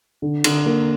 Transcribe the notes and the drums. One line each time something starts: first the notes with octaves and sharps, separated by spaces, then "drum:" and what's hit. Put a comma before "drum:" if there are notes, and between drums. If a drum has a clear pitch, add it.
D3
D3, drum: cymbal
A#3